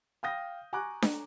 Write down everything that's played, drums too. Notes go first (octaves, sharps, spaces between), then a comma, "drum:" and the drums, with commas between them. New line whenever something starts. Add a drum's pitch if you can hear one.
F5 G5 D#6 G6 A#6
G#5 A#5 C#6 D6 F#6
drum: snare D4